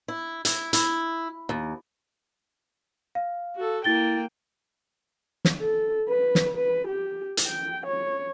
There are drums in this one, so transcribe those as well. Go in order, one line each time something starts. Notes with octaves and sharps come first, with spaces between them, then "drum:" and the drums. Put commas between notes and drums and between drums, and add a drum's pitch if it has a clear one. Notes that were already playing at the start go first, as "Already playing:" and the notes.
E4
E4, drum: hi-hat
E4, drum: hi-hat
D#2
F5
F#4 A4
A#3 E4 G5 A6 G7
drum: snare
A4
B4
drum: snare
B4
G4
drum: hi-hat
G5
C#5